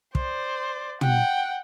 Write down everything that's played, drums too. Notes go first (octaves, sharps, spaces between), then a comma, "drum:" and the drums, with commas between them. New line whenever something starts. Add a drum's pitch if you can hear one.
C5 D5, drum: kick
F#5 G5, drum: tom